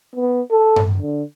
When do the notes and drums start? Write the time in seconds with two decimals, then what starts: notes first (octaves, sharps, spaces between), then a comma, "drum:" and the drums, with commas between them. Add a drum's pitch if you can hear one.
0.16 B3
0.51 A4
0.76 drum: tom G2
0.98 D3